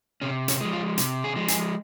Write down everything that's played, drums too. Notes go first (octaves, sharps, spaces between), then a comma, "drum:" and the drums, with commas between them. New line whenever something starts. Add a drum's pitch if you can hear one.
C3 C#4
C#4, drum: hi-hat
F3 G#3
F4
C3, drum: hi-hat
G#4
F3 G#3
G#4, drum: hi-hat